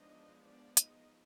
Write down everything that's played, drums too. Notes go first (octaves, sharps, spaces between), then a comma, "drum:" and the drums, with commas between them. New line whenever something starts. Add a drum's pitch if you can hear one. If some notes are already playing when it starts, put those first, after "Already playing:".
Already playing: F3 G#3 B3 D4 D#4 D#5
D4 D5
D#4 D#5, drum: hi-hat